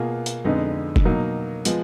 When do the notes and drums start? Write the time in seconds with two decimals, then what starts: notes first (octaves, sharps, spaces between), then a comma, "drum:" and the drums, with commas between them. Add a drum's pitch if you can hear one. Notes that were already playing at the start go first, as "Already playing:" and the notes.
Already playing: B2 A#3 F4 G#4
0.26 drum: hi-hat
0.45 F2 D3 G#3 B3 D#4
0.96 drum: kick
1.05 B2 F#3 A#3 D#4
1.65 F3 G#3 B3, drum: hi-hat